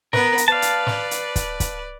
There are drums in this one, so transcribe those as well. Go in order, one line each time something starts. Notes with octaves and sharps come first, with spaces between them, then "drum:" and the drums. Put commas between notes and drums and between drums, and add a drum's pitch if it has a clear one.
B3 A#4 B4, drum: snare
drum: hi-hat
B4 D5 F5 A5
drum: hi-hat
drum: snare
drum: hi-hat
drum: kick, hi-hat
drum: kick, hi-hat